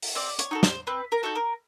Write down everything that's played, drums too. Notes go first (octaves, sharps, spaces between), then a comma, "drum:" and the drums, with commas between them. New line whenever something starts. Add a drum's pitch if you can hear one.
drum: open hi-hat
C4 D5
C#5, drum: hi-hat
D#4 F#4 A4
C5, drum: snare
C4 B4
A#4
D#4 F#4 A4
A#4